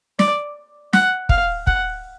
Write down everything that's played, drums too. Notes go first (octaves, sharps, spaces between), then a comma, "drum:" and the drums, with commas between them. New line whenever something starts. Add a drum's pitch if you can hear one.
D5, drum: snare
F#5, drum: snare
F5, drum: kick
F#5, drum: kick